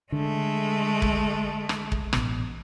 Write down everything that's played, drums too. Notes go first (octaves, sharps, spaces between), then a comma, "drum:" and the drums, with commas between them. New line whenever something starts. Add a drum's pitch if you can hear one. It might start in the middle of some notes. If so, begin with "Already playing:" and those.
D3 G#3 A3
drum: kick
drum: rim click
drum: kick
A1 B2, drum: rim click